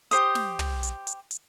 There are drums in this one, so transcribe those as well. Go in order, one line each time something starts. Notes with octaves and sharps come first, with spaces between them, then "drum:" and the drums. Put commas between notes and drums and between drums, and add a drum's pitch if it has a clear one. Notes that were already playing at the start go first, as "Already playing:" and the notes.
G4 C5 D#6, drum: hi-hat
drum: snare
drum: tom
drum: hi-hat
drum: hi-hat
drum: hi-hat